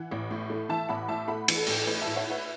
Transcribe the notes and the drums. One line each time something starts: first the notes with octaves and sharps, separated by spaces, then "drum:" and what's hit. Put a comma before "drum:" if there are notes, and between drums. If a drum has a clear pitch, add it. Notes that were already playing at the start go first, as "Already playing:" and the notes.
Already playing: E3 F#5
A1
A2
A3
E3 E5 A5
A1 F#5 B5
A2 E5 A5
A3 F#5 B5
E3, drum: cymbal
A4
A1, drum: open hi-hat
A3 B4
A2 E5 A5
C#5 F#5
E4 B4 E5